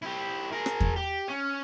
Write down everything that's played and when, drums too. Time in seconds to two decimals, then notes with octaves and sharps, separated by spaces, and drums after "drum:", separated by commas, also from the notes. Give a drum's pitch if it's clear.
0.03 E4 G4
0.51 G#4 A#4
0.66 drum: rim click
0.80 drum: kick E2
0.96 G4
1.28 C#4